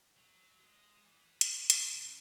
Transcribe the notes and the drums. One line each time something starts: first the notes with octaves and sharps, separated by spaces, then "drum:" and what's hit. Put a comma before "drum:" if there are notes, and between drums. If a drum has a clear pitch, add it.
F#3
G#3
E3
drum: hi-hat
drum: hi-hat
C#3